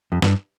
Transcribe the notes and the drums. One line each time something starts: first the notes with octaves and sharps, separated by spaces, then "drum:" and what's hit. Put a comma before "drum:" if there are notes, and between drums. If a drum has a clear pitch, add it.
F2
G2, drum: snare